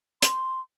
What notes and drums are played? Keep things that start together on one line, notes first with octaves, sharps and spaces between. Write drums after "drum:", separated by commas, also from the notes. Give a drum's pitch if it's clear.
C6, drum: hi-hat